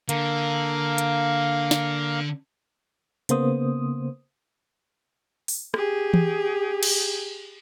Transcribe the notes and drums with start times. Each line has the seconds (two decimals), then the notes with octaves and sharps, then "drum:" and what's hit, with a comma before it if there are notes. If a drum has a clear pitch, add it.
0.09 D3 A#3 A#4 F5, drum: hi-hat
0.98 drum: hi-hat
1.71 drum: snare
3.29 C#3 A#3 B3 C5 D#6, drum: hi-hat
5.48 drum: open hi-hat
5.74 G4 G#4, drum: rim click
6.14 drum: tom E3
6.83 drum: cymbal